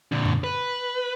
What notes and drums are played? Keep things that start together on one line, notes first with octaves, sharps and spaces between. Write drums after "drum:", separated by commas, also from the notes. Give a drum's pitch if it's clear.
A#2 D3
drum: tom F2
B4